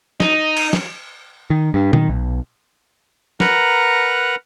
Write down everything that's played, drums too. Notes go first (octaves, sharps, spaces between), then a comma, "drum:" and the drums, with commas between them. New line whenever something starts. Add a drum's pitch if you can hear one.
D#4, drum: snare
drum: cymbal
drum: snare
D#3
G2
D#3, drum: tom A#2
B1
A#4 B4 F#5 A#5, drum: snare